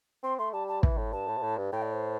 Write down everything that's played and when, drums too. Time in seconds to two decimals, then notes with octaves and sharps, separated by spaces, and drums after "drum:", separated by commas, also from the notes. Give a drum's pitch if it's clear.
0.23 C4 C6
0.39 A3 C6
0.53 G3 A5
0.68 A5
0.83 E3, drum: kick
0.97 A2
1.12 G2 A5
1.28 A2
1.38 C3
1.43 A2
1.58 G2
1.72 A2 G5
1.82 D5
1.92 C5